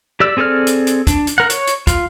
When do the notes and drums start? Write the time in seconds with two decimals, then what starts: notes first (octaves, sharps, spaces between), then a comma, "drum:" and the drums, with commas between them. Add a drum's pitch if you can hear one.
0.20 G4 D5 E6
0.37 C4 G#4 A4 D5 F6
0.67 drum: hi-hat
0.87 drum: hi-hat
1.07 D4, drum: kick, hi-hat
1.27 drum: hi-hat
1.38 A#4 F#5
1.50 C#5, drum: hi-hat
1.67 drum: hi-hat
1.87 F4, drum: kick, hi-hat